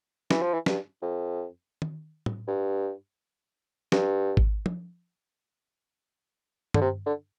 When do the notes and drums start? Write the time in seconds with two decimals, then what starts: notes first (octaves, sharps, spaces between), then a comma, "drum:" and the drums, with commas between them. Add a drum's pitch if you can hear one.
0.31 E3, drum: snare
0.42 F3
0.54 E3
0.66 G2, drum: snare
1.02 F2
1.82 drum: tom D#3
2.26 drum: tom
2.47 G2
3.92 G2, drum: snare
4.37 drum: kick G#1
4.66 drum: tom
6.74 D3, drum: tom G2
6.81 C3
7.06 D3